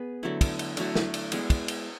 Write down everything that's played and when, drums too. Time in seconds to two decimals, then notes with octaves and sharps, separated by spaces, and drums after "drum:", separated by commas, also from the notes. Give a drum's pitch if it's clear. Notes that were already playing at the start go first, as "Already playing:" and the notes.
Already playing: B3 G#4 B4
0.23 D3 F#3 A3 E4
0.41 drum: kick, cymbal
0.59 drum: cymbal
0.77 D3 F#3 A3 E4, drum: cymbal
0.95 drum: snare
1.14 drum: cymbal
1.32 G#3 B3 E4, drum: cymbal
1.50 drum: kick, cymbal
1.68 drum: cymbal